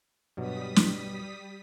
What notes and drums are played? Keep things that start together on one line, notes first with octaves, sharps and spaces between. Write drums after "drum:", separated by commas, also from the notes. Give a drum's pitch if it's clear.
G2 B2 F#3 G3 D#6 B6
drum: snare